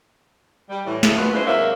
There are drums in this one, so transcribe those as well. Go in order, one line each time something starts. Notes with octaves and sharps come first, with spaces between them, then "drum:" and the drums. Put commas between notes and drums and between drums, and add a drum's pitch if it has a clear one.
G3
A2 E3
D#2 C#3 A3, drum: snare
B2 F4 F#4 B4
G#3 C#4 D4 E4 B4 C5
G#2 C3 F#3 A#3 E5